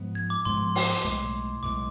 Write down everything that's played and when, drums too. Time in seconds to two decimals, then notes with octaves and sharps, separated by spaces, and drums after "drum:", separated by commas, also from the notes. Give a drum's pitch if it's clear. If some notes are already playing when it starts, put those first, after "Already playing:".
Already playing: G#2 F3 G#3 B3
0.15 G#6
0.30 D6
0.45 G#2 F3 G#3 B3 C6
0.75 drum: open hi-hat
1.04 B1 A2 G#3
1.63 B1 A2 G#3 D6